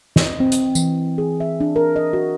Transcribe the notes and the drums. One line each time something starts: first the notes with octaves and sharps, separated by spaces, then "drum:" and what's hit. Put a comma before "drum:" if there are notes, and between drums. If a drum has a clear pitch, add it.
D#5, drum: snare
C4
drum: hi-hat
E3, drum: tambourine
G#4
E5
D4
A#4
D#5
F#4